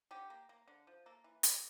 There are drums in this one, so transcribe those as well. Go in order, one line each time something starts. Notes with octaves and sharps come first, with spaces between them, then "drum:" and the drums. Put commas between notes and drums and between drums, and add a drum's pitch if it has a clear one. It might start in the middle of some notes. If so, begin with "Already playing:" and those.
D3 G4
A#3
A#3
D3
F3
A#3 A4
E3
A#3 D5, drum: hi-hat